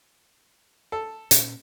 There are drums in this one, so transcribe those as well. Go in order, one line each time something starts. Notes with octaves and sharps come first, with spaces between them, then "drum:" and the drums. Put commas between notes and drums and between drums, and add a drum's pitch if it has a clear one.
A4
A#2 C#4, drum: hi-hat